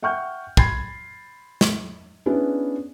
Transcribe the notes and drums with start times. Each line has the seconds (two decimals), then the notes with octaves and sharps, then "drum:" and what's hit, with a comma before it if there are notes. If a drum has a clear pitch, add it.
0.02 E5 F#5 G5 C#6 F6 G6
0.57 B5 C6 G#6 A6 C7, drum: kick
1.61 drum: snare
2.26 B3 C#4 D4 E4 G#4